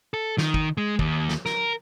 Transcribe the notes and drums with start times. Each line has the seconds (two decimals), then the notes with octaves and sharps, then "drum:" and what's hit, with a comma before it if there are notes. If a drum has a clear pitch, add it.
0.14 A4
0.38 D#3, drum: snare
0.54 drum: kick
0.77 G#3
0.99 D#2, drum: kick
1.29 drum: snare
1.46 A#4, drum: snare